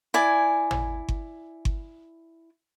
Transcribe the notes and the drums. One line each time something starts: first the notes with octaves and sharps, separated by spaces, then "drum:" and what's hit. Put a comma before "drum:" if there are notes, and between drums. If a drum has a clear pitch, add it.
E4 D5 G#5
drum: tom
drum: kick G1
drum: kick G1